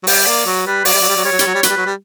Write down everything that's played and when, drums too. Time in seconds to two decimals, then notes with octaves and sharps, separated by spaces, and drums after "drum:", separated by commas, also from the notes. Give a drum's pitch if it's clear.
0.03 F#3
0.07 G3 G4, drum: open hi-hat
0.27 A#3 D5
0.46 F#3
0.66 G3 B4
0.85 F#3 D5, drum: open hi-hat
0.93 G3
1.01 F#3
1.08 G3
1.16 F#3
1.24 G3 C#5
1.32 F#3
1.39 G3, drum: hi-hat
1.46 F#3
1.55 G3
1.63 F#3 B4, drum: hi-hat
1.69 G3
1.77 F#3
1.86 G3